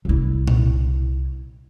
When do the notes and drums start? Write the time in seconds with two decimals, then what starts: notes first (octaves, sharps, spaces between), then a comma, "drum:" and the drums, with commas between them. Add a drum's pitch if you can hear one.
0.05 C2 E4
0.47 drum: tom A#2